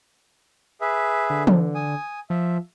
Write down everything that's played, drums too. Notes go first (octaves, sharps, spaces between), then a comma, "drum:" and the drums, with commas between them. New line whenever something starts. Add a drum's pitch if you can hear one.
G#4 B4 E5
D3
drum: tom E3
G#5 D#6
F3 E5